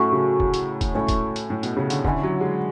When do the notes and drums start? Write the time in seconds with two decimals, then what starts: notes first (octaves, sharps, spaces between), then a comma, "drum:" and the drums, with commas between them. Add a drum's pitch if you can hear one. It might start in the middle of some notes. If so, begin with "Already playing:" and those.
Already playing: A2 F#3 A3 C#4 A4
0.12 C#3
0.40 drum: kick
0.54 drum: hi-hat
0.81 drum: kick, hi-hat
0.94 A2 C#4 E4 A4 C#5
1.08 drum: kick, hi-hat
1.36 drum: hi-hat
1.50 A2
1.63 B2, drum: hi-hat
1.77 C#3
1.90 D3, drum: hi-hat
2.05 D3 C#4 E4 G#4 C#5, drum: kick
2.23 F#3
2.41 G#3